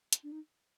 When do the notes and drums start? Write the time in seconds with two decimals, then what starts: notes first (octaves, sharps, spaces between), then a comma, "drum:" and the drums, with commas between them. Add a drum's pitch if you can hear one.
0.13 drum: hi-hat
0.23 D4
0.32 D#4